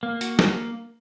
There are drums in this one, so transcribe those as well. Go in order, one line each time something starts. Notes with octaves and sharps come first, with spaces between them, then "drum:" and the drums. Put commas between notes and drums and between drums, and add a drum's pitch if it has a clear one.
A#3
F#4, drum: hi-hat
A#3, drum: snare